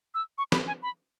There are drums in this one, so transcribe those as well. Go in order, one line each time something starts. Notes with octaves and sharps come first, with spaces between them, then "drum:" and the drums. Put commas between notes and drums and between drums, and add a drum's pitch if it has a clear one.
E6
C#6
B5, drum: snare
G#5
B5